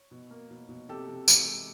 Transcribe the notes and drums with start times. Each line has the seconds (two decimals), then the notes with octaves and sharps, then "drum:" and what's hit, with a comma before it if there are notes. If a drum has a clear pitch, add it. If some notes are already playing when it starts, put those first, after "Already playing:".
Already playing: C#5
0.11 B2
0.31 A#3
0.50 B2
0.69 B2
0.89 C3 G4 A4
1.08 C3
1.28 E3, drum: tambourine
1.48 G#3